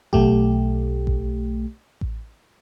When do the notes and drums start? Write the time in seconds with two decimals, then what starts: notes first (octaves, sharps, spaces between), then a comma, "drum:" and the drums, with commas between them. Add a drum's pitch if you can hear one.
0.13 B1 A3 G4, drum: kick A1
1.07 drum: kick A1
2.01 drum: kick A1